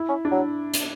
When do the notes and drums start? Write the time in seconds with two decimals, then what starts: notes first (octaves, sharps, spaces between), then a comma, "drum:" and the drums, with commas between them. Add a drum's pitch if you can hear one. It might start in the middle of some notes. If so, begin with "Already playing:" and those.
Already playing: E4
0.09 C#4
0.25 D4
0.31 F#3
0.74 drum: hi-hat